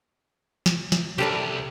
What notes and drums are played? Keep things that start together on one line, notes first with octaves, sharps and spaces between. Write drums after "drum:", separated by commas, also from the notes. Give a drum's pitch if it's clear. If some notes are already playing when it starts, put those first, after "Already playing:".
drum: snare
drum: snare
C2 G4 A4 D5